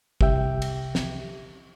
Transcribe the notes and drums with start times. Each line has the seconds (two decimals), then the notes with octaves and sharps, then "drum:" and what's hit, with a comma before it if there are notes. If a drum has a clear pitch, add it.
0.21 C2 G4 E5 G5, drum: kick
0.62 drum: cymbal
0.95 drum: snare